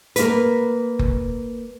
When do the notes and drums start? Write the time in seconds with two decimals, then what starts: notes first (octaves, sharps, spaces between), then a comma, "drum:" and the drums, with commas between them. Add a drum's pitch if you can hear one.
0.16 A#3 B4, drum: hi-hat
0.99 drum: kick F#1